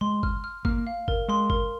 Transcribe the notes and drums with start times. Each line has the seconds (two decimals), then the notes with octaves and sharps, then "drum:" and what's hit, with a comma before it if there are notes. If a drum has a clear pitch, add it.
0.01 G#3 C6
0.23 F6, drum: kick G1
0.44 F6
0.65 A#3 F6, drum: kick G1
0.87 F5
1.08 A#4, drum: kick G1
1.28 G#3 C6
1.50 A#4, drum: kick G1